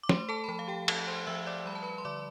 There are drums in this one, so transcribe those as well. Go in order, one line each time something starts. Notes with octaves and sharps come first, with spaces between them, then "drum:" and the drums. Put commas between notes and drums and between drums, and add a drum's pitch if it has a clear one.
D6
A3 C5 C6, drum: snare
A4 A5
B5
F3 A4 A5
F5
G4 G5
F3 A4 A5, drum: cymbal
C5 C6
F3 E5 E6
D5 D6
G3 B5
A5
B4 B5
C6
D3 D5 D6